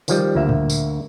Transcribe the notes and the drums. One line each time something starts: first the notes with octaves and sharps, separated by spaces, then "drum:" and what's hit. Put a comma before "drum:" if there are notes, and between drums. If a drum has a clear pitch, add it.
D#3 F3 G3, drum: tambourine
D2 A#3 E5
drum: tom A2
drum: tambourine